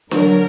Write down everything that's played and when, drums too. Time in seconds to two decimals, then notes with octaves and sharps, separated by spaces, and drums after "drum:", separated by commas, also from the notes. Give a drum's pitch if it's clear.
0.11 D3 F#3 A#4, drum: snare D4